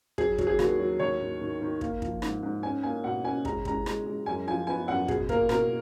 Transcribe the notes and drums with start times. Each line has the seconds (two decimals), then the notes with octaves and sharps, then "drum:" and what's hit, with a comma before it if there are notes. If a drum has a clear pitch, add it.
0.18 F#3 G#4, drum: kick
0.38 F#3, drum: kick
0.47 G#4
0.59 D#2 F#4, drum: rim click
0.79 F#3
0.99 D#2 C#5
1.21 D#3
1.41 D#3
1.61 D#3
1.81 A#3, drum: kick
2.02 F3, drum: kick
2.22 G#2, drum: rim click
2.43 G#2
2.63 C#4 G#5
2.83 A#3 G#5
3.04 B2 F#5
3.24 C#4 G#5
3.45 G#3 A#5, drum: kick
3.65 G#3 A#5, drum: kick
3.86 G#3, drum: rim click
4.06 G#3
4.26 F#2 G#5
4.47 F3 G#5
4.67 B3 G#5
4.88 F#2 F#5
5.08 B2 G#4, drum: kick
5.29 A#3 A#4, drum: kick
5.49 B2 A#4, drum: rim click